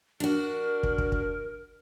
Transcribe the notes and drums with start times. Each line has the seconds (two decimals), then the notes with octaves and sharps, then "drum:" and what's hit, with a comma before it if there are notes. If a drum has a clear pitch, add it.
0.20 D4 F#4 A#4
0.83 drum: kick
0.98 drum: kick
1.12 drum: kick